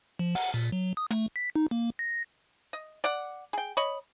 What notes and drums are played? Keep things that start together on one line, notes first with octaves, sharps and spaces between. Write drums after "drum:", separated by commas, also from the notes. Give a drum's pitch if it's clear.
F3
F#5, drum: open hi-hat
A#2
F#3
D#6
A3, drum: hi-hat
B6
D#4
A#3
A#6
D#5
D5 F#5, drum: hi-hat
G#4 G5
C#5 D#5 B5